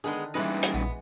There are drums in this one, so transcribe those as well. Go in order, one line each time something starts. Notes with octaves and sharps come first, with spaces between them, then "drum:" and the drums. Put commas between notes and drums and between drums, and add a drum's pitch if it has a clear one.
D3 D#3 G#3 B3 G#4
E3 G3 G#3 C#4 D#4 B4
drum: hi-hat
A#1 B3